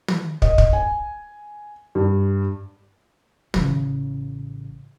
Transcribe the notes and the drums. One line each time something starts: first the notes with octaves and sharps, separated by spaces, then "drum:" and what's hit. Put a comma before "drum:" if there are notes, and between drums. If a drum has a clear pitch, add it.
drum: tom
D#5, drum: kick
drum: kick
G#5
G2
A1 C#3, drum: tom